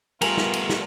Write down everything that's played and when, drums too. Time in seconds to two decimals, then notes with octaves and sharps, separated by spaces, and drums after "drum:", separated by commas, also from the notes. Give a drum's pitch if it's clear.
0.21 G3 A3 B3 F4 A#4 G#5 F7 F#7, drum: cymbal
0.37 drum: snare
0.53 drum: cymbal
0.69 drum: snare